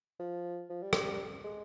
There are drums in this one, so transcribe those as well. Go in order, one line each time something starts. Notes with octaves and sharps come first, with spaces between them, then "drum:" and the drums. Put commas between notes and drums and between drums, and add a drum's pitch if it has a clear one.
F3
F3
G3
drum: rim click
G#3